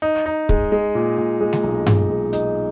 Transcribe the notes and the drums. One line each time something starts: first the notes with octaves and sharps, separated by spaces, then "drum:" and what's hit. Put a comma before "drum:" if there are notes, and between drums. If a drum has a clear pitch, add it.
D#4
D#4
G#3, drum: kick
G#3
A#2
A#2
G#3
drum: snare G#3
B1
G#3, drum: tom G2
G#3
D#4, drum: hi-hat